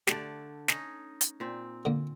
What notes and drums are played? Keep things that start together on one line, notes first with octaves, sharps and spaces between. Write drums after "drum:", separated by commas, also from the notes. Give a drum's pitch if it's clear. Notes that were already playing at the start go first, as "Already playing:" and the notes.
D3 A3 G4 D5, drum: snare
C#4 D#4, drum: snare
drum: hi-hat
A#2 C4
D3 A#3